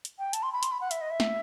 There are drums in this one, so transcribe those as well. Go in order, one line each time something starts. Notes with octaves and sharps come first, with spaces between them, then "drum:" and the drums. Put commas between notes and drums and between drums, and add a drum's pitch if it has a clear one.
drum: hi-hat
G5
A5, drum: hi-hat
C6
B5
C6, drum: hi-hat
B5
F#5
E5, drum: hi-hat
D#5
E5
drum: snare